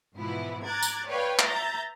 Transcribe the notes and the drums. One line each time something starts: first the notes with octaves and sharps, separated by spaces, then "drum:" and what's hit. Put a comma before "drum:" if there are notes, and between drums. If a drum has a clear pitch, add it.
G#2 B2 E3 F3 B3 E4
A#5 D6 F#6 G#6 A6
drum: tambourine
B4 C#5 D5 F5 G5
E5 A#5 G6 A6, drum: clap